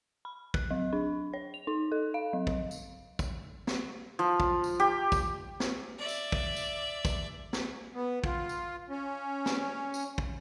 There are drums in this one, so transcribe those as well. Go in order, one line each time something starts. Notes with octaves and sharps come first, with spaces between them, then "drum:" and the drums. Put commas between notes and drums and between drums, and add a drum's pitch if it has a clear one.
B5
F#6, drum: kick
F#3
D4
C#5
F7
D#4
A4
F5
F#3
drum: kick
drum: tambourine
drum: kick, tambourine
drum: snare
F3
drum: kick
drum: tambourine
G4
drum: kick, tambourine
drum: snare
D5 E5
drum: tambourine
drum: kick
drum: tambourine
drum: kick, tambourine
drum: snare
B3
F4, drum: kick
drum: tambourine
C#4
drum: snare
drum: tambourine
drum: kick